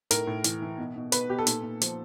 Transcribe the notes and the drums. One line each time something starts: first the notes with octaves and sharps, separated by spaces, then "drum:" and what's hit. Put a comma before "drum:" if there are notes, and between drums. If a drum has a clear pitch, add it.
A2 A#4, drum: hi-hat
A2
E3, drum: hi-hat
E3
B2
B2
B2 B4, drum: hi-hat
B2 G4
A4
A#2, drum: hi-hat
A#2
F3, drum: hi-hat